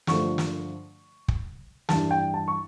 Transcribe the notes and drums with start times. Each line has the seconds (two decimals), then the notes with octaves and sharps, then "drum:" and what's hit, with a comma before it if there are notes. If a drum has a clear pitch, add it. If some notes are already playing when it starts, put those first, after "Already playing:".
0.07 G2 D3 F3 A3 C#6, drum: snare
0.38 drum: snare
1.28 drum: kick
1.89 G2 E3 G3 A5, drum: snare
2.11 G5
2.34 A5
2.48 C#6